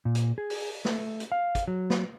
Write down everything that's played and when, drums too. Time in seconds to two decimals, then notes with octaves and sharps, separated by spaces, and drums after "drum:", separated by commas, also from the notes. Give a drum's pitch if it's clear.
0.05 A#2
0.15 drum: hi-hat
0.38 G#4
0.50 drum: open hi-hat
0.85 A3, drum: snare
1.20 drum: hi-hat
1.32 F5
1.55 drum: kick, hi-hat
1.67 F#3
1.90 drum: snare